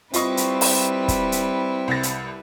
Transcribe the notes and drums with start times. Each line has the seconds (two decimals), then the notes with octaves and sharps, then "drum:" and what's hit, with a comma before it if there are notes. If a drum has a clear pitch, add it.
0.14 G3 C4 E4 F4 B4 D#5 C#6, drum: hi-hat
0.37 drum: hi-hat
0.61 drum: open hi-hat
1.08 drum: kick, hi-hat
1.32 drum: hi-hat
1.88 C2 A6
2.03 drum: hi-hat